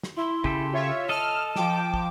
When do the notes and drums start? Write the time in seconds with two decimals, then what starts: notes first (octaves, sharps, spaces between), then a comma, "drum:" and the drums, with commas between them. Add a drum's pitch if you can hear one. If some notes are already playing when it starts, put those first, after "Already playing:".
0.03 drum: snare
0.17 E4 C6
0.44 C#3 G4 A4, drum: kick
0.73 F4 C#5 E5
1.09 A4 D#5 A5 F6
1.56 F3 G5 D6, drum: snare
1.94 drum: kick